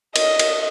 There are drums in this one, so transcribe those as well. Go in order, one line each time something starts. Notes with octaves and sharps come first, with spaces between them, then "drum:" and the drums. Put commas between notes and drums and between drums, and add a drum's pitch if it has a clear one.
D#5, drum: cymbal
drum: cymbal